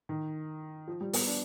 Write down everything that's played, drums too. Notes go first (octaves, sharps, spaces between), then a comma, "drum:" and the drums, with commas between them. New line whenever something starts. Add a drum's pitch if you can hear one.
D#3
F3
G3
B3, drum: open hi-hat
D4